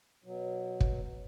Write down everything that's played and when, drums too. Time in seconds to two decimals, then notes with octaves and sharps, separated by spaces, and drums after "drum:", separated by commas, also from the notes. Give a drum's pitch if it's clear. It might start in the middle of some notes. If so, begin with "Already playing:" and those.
0.24 B2 F#3
0.80 drum: kick